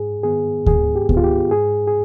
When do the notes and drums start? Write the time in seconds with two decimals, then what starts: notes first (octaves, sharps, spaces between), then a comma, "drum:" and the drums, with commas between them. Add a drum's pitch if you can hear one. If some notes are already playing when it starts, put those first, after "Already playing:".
Already playing: G#2 G#4
0.23 D#3 B3 G#4
0.66 G#2 G#4, drum: kick D2
0.96 G4
1.09 D#3 B3, drum: kick D2
1.17 F4
1.24 G4
1.51 G#2 G#4
1.87 G#4